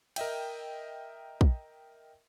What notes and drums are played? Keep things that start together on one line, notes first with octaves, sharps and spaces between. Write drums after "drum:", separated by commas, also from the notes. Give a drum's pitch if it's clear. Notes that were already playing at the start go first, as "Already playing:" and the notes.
A#4 D#5 E5 G5, drum: cymbal
drum: kick